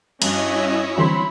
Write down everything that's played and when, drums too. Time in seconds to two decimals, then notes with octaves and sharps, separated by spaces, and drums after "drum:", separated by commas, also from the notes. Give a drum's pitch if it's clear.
0.22 G2 C#4 E4 F#4 C#5 D#5 E5, drum: cymbal
0.98 D3 E3 F#3 G3 C4 B5 C6